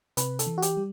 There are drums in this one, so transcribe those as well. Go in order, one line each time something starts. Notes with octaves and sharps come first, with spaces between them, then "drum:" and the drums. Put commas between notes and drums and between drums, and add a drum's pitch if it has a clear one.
C3 B4, drum: hi-hat
A4, drum: hi-hat
E3
F#4
G4, drum: hi-hat
G3